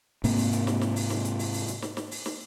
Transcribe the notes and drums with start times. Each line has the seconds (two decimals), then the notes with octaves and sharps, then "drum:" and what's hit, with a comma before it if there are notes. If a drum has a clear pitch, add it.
0.24 G#2 C3 A#3, drum: open hi-hat
0.38 drum: open hi-hat
0.53 drum: hi-hat
0.67 drum: snare
0.81 drum: snare
0.96 drum: open hi-hat
1.10 drum: snare
1.25 drum: hi-hat
1.39 drum: open hi-hat
1.54 drum: open hi-hat
1.68 drum: hi-hat
1.82 drum: snare
1.97 drum: snare
2.11 drum: open hi-hat
2.26 drum: snare